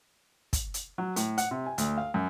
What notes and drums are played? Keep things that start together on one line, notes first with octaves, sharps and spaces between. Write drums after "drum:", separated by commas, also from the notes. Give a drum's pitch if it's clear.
drum: kick, hi-hat
drum: hi-hat
F#3
A2, drum: hi-hat
F#5, drum: hi-hat
C3
G#5
D2, drum: hi-hat
F5
F#2